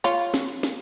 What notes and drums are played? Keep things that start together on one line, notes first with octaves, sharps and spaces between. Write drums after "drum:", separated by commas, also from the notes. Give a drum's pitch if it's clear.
F4 C#5
drum: open hi-hat
drum: snare
drum: hi-hat
drum: snare